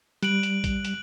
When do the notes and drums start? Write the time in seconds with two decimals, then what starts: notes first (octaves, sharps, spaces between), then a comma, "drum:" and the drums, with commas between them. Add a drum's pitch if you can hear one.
0.23 G3 F#6 D7 F#7, drum: hi-hat
0.43 drum: hi-hat
0.64 drum: kick A#1, hi-hat
0.85 drum: hi-hat